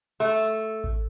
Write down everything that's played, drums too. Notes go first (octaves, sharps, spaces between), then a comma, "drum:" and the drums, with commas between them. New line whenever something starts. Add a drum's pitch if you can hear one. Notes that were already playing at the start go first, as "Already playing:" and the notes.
A3
drum: kick G#1